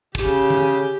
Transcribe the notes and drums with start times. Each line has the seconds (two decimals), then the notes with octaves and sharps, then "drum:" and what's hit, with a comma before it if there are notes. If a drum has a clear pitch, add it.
0.15 C#3 G4, drum: kick, hi-hat
0.50 drum: tom D3